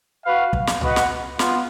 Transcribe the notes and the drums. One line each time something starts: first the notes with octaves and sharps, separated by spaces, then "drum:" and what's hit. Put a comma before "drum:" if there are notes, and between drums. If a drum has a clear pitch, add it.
F#4 B4 F5
drum: kick
drum: snare
F#4 B4 D#5 F#5, drum: tom C2
drum: snare
B3 F4, drum: snare